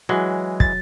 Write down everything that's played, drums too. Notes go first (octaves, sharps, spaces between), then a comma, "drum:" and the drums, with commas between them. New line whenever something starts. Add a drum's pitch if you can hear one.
E3 F#3 G#3
A6, drum: kick